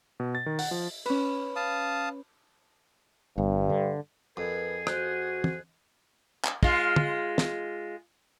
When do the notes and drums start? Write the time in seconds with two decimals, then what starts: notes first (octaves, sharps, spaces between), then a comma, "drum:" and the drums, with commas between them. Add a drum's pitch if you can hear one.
0.20 B2
0.35 A6
0.46 D#3
0.59 F#5, drum: open hi-hat
0.71 F3
1.06 C#4 B4, drum: cymbal
1.56 F5 A5 D#6
3.38 G1 G2
3.70 D3
4.37 F2 G#4 A#4 B4
4.87 F#4 C5 F#6 G6, drum: rim click
5.44 drum: tom
6.45 drum: clap
6.63 G#3 F4, drum: kick
6.96 drum: tom
7.38 drum: snare